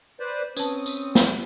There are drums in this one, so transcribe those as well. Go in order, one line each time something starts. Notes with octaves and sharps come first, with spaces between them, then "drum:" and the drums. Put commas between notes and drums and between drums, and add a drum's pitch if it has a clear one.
B4 C5 D5
C4 C#4 B4 A5 D#6, drum: tambourine
drum: tambourine
drum: snare